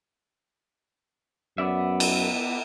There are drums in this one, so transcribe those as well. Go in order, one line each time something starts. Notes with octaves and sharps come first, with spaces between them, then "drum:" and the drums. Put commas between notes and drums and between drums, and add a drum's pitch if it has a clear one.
F#2 B3 D5 E5
drum: cymbal